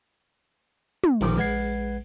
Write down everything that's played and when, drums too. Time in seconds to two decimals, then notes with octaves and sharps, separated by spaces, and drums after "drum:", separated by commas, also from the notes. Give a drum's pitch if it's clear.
1.04 drum: tom
1.21 A1 A#2 D#3 F3 D6, drum: cymbal
1.37 A#1 G#3 B4 F#5 G#6 C7